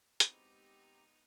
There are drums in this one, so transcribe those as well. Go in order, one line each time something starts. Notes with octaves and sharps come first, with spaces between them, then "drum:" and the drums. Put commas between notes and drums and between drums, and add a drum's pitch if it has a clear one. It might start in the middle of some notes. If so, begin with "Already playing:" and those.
G#3 B3 C4 D#4 E4 F#4 G4 A#5, drum: hi-hat